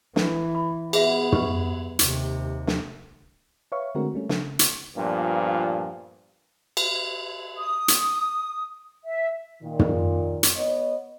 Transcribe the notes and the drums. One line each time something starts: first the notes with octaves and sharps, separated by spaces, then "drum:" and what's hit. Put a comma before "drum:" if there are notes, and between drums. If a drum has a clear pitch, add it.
E3, drum: snare
B5
B3 G#4 E5 F#5, drum: cymbal
G4 B4, drum: tom
D#2 C3, drum: hi-hat
drum: snare
B4 C#5 E5 F5 C#6
D3 G#3 A3 C4 F#4 A#4
G3 A3 C#4
C#3, drum: snare
drum: hi-hat
G2 A#2 F3 B3
drum: cymbal
D#6
drum: hi-hat
E5
A#2 D#3
drum: tom
drum: hi-hat
B3 C#5 D#5